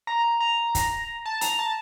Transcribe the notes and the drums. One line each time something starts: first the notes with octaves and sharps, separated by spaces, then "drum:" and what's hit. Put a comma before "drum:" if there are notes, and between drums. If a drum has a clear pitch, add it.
A#5
A#5
A#5
drum: kick, hi-hat
A5
A#5, drum: hi-hat
A5